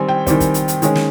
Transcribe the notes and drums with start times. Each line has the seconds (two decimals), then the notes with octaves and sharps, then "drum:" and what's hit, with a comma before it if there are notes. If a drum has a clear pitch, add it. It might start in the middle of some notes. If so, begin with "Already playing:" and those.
Already playing: D#3 G3 C4 G#5
0.08 G5
0.27 D#3 G3 C4, drum: kick, hi-hat
0.40 drum: kick, hi-hat
0.54 drum: hi-hat
0.68 drum: hi-hat
0.82 D#3 G#3 C#4, drum: hi-hat
0.95 drum: snare